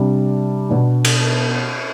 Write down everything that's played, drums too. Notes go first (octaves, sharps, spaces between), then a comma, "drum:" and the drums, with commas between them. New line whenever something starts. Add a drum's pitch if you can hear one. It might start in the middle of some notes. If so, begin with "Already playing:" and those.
Already playing: C3 G3 D4
B2 B3 D4
drum: cymbal